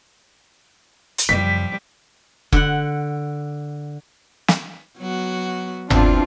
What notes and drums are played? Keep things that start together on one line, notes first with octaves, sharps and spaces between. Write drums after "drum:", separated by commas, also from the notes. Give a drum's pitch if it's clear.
drum: hi-hat
F#2 C#3 F3 G3 B6
D3 F#5, drum: kick F1
drum: snare
F#3 B3 F#4
E2 E3 C4 D4 F4, drum: tom G1